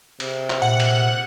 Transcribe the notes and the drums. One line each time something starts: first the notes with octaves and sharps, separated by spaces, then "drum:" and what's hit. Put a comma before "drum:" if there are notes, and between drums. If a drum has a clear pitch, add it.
C3, drum: cymbal
drum: clap
A#2 F#5
drum: cymbal